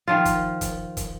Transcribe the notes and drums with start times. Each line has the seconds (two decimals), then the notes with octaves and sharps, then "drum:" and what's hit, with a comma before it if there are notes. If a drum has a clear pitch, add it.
0.08 D#3 F3 F4
0.25 drum: kick, hi-hat
0.61 drum: kick, hi-hat
0.97 drum: kick, hi-hat